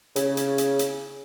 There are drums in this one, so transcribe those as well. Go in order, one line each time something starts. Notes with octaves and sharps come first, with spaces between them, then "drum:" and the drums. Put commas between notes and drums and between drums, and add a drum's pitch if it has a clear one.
C#3, drum: hi-hat
drum: hi-hat
drum: hi-hat
drum: hi-hat